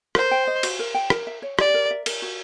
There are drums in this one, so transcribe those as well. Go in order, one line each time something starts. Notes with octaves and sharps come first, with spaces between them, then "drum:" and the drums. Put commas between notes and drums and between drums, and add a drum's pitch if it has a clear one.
A#4 C5, drum: rim click
G5
D#5
F#4, drum: cymbal
A#4
G5
A#4, drum: rim click
E5
C#5
G4 D5, drum: rim click
A#4
E5
A#4, drum: cymbal
F#4